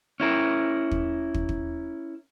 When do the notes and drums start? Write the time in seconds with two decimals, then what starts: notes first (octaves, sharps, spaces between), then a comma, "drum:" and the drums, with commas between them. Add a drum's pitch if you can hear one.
0.20 C#4 E4 A#4
0.91 drum: kick
1.34 drum: kick
1.49 drum: kick